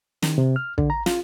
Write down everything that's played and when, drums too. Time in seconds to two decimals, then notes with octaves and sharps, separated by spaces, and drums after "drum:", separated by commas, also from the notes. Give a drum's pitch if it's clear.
0.22 D#3, drum: snare
0.38 C3
0.56 F6
0.78 D3, drum: kick
0.90 A#5
1.06 F4, drum: snare